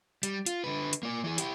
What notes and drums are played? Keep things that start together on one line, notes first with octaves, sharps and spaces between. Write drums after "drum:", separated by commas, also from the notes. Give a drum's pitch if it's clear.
G3, drum: hi-hat
F4, drum: hi-hat
D3 B4
drum: hi-hat
A#3 D5
E3 G#4
E4 G4, drum: hi-hat